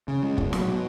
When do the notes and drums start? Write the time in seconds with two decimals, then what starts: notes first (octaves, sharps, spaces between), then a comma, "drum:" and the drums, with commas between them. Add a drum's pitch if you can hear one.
0.08 C#3
0.23 G#3
0.38 B2, drum: kick
0.53 F#3, drum: snare
0.68 B2